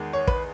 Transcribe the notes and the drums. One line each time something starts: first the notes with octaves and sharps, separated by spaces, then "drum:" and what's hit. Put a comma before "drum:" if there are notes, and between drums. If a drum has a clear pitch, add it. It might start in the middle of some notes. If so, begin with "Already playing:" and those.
Already playing: E2 D#3 G#3
C#5
B4, drum: kick